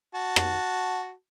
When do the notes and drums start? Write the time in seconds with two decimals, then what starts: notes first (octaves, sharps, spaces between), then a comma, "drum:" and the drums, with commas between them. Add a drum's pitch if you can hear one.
0.15 F#4 A5
0.36 drum: rim click